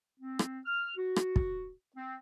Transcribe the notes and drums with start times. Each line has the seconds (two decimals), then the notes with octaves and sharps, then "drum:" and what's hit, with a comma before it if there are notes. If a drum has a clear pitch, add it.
0.20 C4
0.39 drum: rim click
0.66 F6
0.97 F#4
1.16 drum: rim click
1.36 drum: kick
1.96 C4